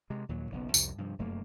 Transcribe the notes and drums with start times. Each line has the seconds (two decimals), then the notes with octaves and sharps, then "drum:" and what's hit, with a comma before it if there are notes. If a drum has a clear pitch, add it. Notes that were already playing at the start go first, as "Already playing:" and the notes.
0.10 C3 G#3
0.29 D#2 A#2 F#3
0.51 F#1 B1 B3
0.74 C2 F2 C3, drum: tambourine
0.98 G2 C3 F3
1.18 F1 F#2 A3 A#3